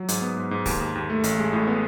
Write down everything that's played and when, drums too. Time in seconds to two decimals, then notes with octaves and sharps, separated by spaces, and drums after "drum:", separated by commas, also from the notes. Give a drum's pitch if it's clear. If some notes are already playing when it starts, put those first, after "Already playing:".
Already playing: F#3
0.08 G#2, drum: hi-hat
0.22 B3
0.37 G#2
0.51 G#2
0.66 D#2, drum: kick, open hi-hat
0.80 D#2
0.95 D#2
1.10 A3
1.24 A1, drum: hi-hat
1.39 G#3
1.53 A2
1.67 B3